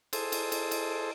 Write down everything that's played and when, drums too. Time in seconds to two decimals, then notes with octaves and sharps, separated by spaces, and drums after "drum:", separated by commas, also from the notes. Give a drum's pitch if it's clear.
0.13 G#4 A4 C5, drum: cymbal
0.32 drum: cymbal
0.52 drum: cymbal
0.71 drum: cymbal